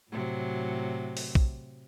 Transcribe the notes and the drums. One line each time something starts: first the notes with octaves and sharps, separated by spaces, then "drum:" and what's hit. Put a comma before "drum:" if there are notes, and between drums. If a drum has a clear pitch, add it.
A2 C3 F#3
drum: open hi-hat
drum: kick B1